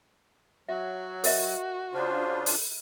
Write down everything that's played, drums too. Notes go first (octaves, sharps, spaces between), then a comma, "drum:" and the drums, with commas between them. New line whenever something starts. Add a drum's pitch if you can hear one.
F#3 F#4 E5
A#4 D#5 E5, drum: open hi-hat
C#3 D4 F4 C5
drum: open hi-hat